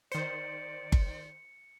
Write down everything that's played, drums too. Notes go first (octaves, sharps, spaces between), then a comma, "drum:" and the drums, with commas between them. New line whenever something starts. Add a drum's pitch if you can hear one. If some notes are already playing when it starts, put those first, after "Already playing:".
D#3 C5 D5 C#7
drum: kick G1